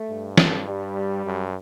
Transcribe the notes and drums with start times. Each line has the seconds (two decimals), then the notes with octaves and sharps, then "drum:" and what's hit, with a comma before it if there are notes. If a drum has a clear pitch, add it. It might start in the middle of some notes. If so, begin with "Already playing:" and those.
Already playing: A3
0.10 G2
0.38 drum: snare
0.67 G3
1.26 F#2